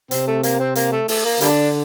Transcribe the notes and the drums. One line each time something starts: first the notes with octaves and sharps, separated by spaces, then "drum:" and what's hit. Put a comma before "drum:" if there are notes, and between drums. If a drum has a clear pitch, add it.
C3 C4, drum: hi-hat
A3
A#3, drum: hi-hat
C4
A#3, drum: hi-hat
A3
A3, drum: open hi-hat
A#3
D3 G3 A#3 D4, drum: hi-hat